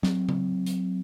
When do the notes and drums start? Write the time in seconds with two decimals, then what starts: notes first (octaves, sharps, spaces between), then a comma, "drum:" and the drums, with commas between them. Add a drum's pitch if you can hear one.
0.03 F#3 C4, drum: snare
0.29 drum: tom C#3
0.66 drum: hi-hat